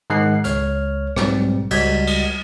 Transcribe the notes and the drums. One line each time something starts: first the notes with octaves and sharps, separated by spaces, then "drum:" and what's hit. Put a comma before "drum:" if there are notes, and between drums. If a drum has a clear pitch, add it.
G#2 D#3 G#3 F#5 F#6 C7
C#2 C#5 F6, drum: hi-hat
B1 G#2 G3 C4, drum: rim click
C#2 G3 F#4 D#5 G#6 B6, drum: cymbal
drum: cymbal